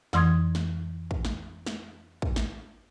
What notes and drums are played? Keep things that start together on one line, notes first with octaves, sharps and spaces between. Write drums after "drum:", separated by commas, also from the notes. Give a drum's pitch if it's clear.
F2 E3 C6 D#6 G#6, drum: snare
drum: snare
drum: kick
drum: snare
drum: snare
drum: kick
drum: snare